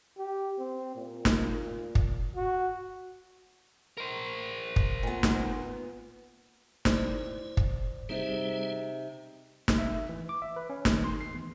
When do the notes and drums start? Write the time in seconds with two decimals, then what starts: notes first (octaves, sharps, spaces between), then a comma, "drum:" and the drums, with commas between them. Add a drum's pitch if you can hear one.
0.18 G4
0.59 C4
0.96 A#2
1.25 drum: snare
1.95 drum: kick
2.36 F#4
3.97 A#4 C5
4.76 drum: kick
5.03 A#2 B3
5.23 drum: snare
6.85 E4 C5 D5, drum: snare
7.57 drum: kick
8.09 C3 G3 C4 D#4 G#4
9.68 drum: snare
9.78 E5
10.09 E3
10.29 D6
10.42 E5
10.56 B4
10.70 C#4
10.85 D#3, drum: snare
11.04 C6
11.21 C7
11.33 E2